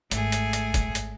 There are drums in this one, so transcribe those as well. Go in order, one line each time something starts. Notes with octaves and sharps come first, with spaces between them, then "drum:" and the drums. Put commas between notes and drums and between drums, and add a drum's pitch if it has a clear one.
G#1 A3 G#4, drum: hi-hat
drum: hi-hat
drum: hi-hat
drum: kick, hi-hat
drum: hi-hat